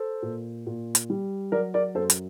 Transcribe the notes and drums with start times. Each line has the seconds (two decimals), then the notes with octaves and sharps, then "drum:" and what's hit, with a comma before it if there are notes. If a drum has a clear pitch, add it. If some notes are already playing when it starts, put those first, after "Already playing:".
Already playing: A4 C5
0.22 A#2
0.67 A#2
0.95 drum: hi-hat
1.10 G3
1.52 F#3 A#4 D5
1.74 A#4 D5
1.95 F#2 A4 C5
2.10 drum: hi-hat